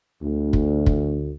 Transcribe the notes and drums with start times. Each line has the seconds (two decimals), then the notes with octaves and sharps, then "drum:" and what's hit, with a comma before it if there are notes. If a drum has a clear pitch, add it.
0.23 D2
0.53 drum: kick
0.86 drum: kick